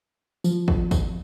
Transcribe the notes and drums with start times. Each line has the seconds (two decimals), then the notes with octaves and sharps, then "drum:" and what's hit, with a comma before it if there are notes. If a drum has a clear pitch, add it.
0.44 F3, drum: tambourine
0.68 drum: kick
0.91 drum: kick, tambourine